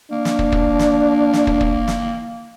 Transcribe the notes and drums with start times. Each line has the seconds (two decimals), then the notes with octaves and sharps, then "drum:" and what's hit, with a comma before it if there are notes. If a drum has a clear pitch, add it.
0.12 A#3 D4
0.25 drum: snare
0.39 drum: kick
0.52 drum: kick
0.79 drum: snare
1.33 drum: snare
1.47 drum: kick
1.61 drum: kick
1.88 drum: snare